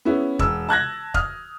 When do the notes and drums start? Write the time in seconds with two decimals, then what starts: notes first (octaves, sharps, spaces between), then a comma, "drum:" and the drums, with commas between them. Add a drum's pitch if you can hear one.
0.05 B3 C#4 E4 G#4
0.39 E1 E6, drum: kick E1
0.69 A5 F#6 G#6 A#6
1.14 D#6 F6, drum: kick E1